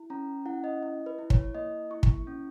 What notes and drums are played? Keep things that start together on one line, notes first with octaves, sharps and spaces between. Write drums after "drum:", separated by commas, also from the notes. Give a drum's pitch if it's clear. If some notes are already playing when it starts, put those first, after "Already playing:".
Already playing: E4
C#4 A#5
E4 F#5
D#5
E4 D#5
B4
E4
C#5, drum: kick
A#3 D#5
E4 C#6
drum: kick
C#4